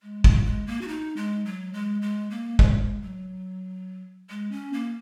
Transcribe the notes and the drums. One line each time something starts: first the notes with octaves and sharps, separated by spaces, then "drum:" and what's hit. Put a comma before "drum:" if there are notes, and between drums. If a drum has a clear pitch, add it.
G#3
F#3, drum: kick
G#3
A#3
F#4
D#4
G#3
F#3
G#3
G#3
A#3
G#3, drum: kick
F#3
G#3
C#4
A#3